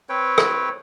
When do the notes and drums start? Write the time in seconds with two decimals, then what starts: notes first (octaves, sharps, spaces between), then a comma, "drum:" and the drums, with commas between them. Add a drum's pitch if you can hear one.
0.09 C4 B4 C#5 G5
0.38 drum: rim click